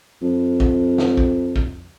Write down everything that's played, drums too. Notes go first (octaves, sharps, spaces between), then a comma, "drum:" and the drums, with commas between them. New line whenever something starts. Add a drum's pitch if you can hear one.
F2
drum: kick
drum: snare
drum: kick
drum: kick